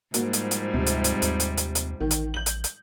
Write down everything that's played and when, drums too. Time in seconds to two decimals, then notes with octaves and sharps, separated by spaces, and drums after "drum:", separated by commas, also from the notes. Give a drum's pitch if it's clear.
0.14 G#2 F3 G3 A#3 F#4, drum: hi-hat
0.33 drum: hi-hat
0.51 drum: hi-hat
0.74 D2 C3
0.87 drum: hi-hat
1.04 drum: hi-hat
1.22 D#2, drum: hi-hat
1.40 drum: hi-hat
1.57 drum: hi-hat
1.75 drum: hi-hat
2.01 A1 D#3
2.11 drum: hi-hat
2.34 G6 F#7
2.46 drum: hi-hat
2.64 drum: hi-hat